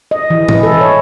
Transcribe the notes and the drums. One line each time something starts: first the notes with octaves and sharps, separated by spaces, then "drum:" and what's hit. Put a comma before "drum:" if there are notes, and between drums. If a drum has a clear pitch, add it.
D#5
E3
E3, drum: tom A2
A4
C#5